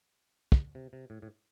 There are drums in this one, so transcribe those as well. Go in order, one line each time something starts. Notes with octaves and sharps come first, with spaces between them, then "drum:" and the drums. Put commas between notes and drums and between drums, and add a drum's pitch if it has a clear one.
drum: kick
C3
C3
A2
A2